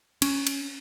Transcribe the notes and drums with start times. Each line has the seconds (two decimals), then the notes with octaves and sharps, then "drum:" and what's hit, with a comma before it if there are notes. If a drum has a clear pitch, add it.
0.22 C#4, drum: cymbal
0.47 drum: cymbal